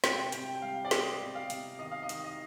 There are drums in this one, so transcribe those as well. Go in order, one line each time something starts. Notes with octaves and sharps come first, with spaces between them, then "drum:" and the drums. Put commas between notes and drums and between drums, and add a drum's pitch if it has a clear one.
C3 G5, drum: snare
C3 G5, drum: hi-hat
G5
G3 F5
D5
B3 D#5, drum: snare
C3
F5
C3, drum: hi-hat
D#3 D#5
F5
D#5
D#3, drum: hi-hat
D#5